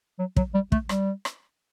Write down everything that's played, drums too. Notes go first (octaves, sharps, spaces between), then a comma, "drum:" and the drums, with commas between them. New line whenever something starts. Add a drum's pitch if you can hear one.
F#3
F#3, drum: kick
G3
A3, drum: kick
G3, drum: rim click
drum: rim click